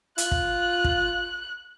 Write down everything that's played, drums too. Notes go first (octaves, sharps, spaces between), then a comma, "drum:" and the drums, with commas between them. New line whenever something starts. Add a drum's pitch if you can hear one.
F4 F#6, drum: hi-hat
drum: kick
drum: kick